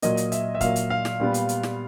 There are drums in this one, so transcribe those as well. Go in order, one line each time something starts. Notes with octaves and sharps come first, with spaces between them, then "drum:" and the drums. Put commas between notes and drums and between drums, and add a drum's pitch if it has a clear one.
A#2 F#3 A#3 D#5, drum: hi-hat
drum: hi-hat
E5, drum: hi-hat
E5
A#2 F#3 A#3 F5, drum: kick, hi-hat
drum: hi-hat
F5
drum: snare
A#2 G3 B3
drum: hi-hat
drum: hi-hat
drum: snare